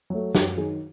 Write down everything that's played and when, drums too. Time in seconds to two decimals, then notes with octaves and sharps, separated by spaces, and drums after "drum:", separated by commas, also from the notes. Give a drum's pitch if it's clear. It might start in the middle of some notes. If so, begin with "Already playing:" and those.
0.10 F#3 A3
0.35 F#2 G4, drum: snare
0.57 D#3 F#3 G#4